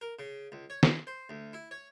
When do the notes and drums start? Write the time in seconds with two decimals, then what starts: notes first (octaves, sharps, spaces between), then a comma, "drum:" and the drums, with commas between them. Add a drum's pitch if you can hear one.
0.01 A#4
0.19 C#3
0.52 C#2
0.70 C#5
0.83 C6, drum: snare
1.07 C5
1.29 D2
1.53 E4
1.71 C#5